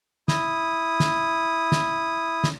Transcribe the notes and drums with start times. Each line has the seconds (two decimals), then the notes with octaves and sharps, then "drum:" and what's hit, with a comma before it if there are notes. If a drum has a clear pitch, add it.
0.28 E4 D#6, drum: snare
1.00 drum: snare
1.72 drum: snare
2.44 drum: snare